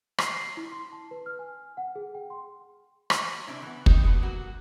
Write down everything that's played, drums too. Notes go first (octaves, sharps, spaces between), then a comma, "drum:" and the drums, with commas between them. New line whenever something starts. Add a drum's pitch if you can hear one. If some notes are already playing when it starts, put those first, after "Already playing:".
C7, drum: rim click
C7
E4
C6
A5
B4
F6
G#5
F#5
G#4
G5
C6
drum: rim click
C3 C4 D4 E4
E3 B3
D#4 G4, drum: kick
B2 D#3 G3 B4
F#3 A#3 F#4